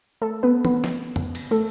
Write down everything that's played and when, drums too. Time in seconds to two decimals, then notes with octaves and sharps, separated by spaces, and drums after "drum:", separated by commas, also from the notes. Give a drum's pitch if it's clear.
0.21 A3 A4
0.43 B3 B4
0.65 B3 B4, drum: tom
0.84 drum: snare
1.16 drum: tom
1.35 drum: cymbal
1.51 A3 A4